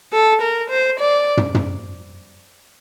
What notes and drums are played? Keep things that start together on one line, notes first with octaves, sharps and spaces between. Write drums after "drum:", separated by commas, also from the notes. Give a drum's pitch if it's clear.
A4
A#4
C5
D5
drum: tom
drum: tom